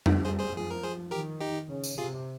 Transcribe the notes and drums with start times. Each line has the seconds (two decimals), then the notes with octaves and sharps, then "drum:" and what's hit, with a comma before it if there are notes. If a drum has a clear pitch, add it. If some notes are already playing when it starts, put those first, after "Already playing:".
0.06 drum: tom
0.25 G3 G#4 C5
0.39 G#4 C5
0.54 F3 G#4
0.71 A#4
0.83 G#4 C5
1.11 D#3 G4 A#4
1.41 D#4 G4
1.69 C#3
1.84 drum: tambourine
1.98 C3 F4 G#4